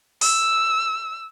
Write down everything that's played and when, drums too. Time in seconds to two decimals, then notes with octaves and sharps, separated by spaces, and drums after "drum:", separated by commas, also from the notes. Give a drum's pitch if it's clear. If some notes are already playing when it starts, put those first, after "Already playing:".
0.21 E6, drum: open hi-hat